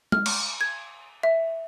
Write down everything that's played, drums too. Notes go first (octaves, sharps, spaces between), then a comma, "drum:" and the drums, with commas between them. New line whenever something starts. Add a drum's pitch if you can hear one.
F6, drum: tom
drum: cymbal
G#6
E5